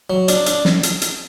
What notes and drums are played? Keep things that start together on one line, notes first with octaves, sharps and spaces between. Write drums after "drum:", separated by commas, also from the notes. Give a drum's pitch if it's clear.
F#3
D4, drum: hi-hat
D4, drum: hi-hat
drum: snare
drum: hi-hat
drum: hi-hat